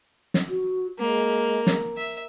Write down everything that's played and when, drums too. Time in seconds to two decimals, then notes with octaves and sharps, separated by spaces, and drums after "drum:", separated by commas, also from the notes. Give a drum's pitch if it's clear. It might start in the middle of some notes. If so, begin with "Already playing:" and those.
0.34 drum: snare
0.49 F#4
0.99 G#3 A#3
1.67 drum: snare
1.97 E5